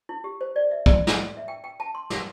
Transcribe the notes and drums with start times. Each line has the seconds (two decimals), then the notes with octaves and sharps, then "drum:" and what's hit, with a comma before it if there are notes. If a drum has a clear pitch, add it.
0.09 E4
0.24 G4
0.41 C5
0.56 D5
0.71 E5
0.86 D5, drum: kick
1.07 drum: snare
1.37 E5
1.48 G5
1.64 G5
1.80 A5
1.95 C6
2.10 D6, drum: snare